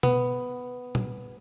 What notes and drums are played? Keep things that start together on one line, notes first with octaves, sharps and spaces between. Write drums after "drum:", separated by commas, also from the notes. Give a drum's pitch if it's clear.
B3, drum: tom B2
drum: tom A#2